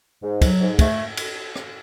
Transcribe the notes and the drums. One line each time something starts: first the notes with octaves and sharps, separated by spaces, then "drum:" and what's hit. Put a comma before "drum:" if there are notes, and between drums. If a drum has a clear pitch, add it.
G#2
F#3, drum: kick, cymbal
G#2
A3, drum: kick, cymbal
drum: cymbal
drum: rim click